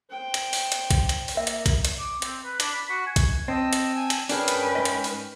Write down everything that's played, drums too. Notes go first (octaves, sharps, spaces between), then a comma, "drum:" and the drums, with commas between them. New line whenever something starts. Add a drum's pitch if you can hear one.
C5 G5
drum: hi-hat
drum: open hi-hat
drum: hi-hat
drum: kick A#1, hi-hat
drum: hi-hat
drum: open hi-hat
A#3 E5
drum: hi-hat
drum: kick A#1, hi-hat
drum: hi-hat
D6
C4, drum: hi-hat
B4
D4, drum: hi-hat
B5
F#4
G#5
drum: kick A#1, hi-hat
C4 D#5 G5 A5 E6
drum: hi-hat
G#5
drum: hi-hat
C#4 D4 G#4 A#4 B4 G5, drum: open hi-hat
drum: hi-hat
G#2 D#5
drum: hi-hat
drum: open hi-hat